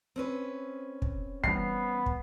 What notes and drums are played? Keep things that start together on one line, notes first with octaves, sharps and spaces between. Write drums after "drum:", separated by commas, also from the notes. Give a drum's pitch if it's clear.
C4 C#4 B4
drum: kick
E3 G3 B3 C7, drum: kick
drum: kick